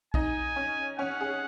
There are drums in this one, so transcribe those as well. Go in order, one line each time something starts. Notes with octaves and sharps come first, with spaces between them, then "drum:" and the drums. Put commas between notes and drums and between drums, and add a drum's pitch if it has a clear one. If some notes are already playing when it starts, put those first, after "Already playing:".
D#4 G#5, drum: kick
C#4
C#4 F#5
G#4